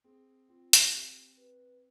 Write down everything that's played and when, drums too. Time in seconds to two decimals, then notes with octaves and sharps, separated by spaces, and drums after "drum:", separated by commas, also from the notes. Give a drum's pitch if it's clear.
0.04 C4 G#4
0.49 C4 F4
0.73 drum: hi-hat
0.93 G4
1.37 B4